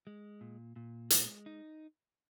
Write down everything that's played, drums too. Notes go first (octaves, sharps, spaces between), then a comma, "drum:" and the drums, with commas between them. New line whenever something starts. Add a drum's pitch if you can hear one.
G#3
A#2
A#2
G#3, drum: hi-hat
D#4